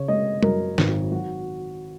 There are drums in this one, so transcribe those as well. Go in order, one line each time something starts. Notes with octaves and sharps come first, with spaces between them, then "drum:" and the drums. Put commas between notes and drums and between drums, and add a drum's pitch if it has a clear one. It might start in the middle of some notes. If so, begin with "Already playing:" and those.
Already playing: C#3 C#5
G#3 D#5
F#2 A#4, drum: tom G3
G#1, drum: snare
F#3 F#4